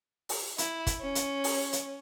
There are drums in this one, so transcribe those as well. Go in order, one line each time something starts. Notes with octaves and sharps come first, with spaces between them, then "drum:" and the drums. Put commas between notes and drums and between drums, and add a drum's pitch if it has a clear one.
drum: open hi-hat
E4, drum: hi-hat
drum: kick, hi-hat
C#4
drum: hi-hat
drum: open hi-hat
drum: hi-hat